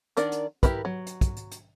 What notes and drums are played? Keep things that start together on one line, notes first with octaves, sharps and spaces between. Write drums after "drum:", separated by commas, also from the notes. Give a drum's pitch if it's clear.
D#3 D4 A#4 D5 F#5, drum: hi-hat
drum: hi-hat
E4 G4 A#4 B4, drum: kick, hi-hat
F#3
drum: hi-hat
drum: kick, hi-hat
drum: hi-hat
drum: hi-hat